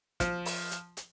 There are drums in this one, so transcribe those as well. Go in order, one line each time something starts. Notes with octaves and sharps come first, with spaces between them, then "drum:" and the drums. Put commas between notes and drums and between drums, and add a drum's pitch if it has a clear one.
F3, drum: kick, hi-hat
drum: open hi-hat
drum: hi-hat
drum: hi-hat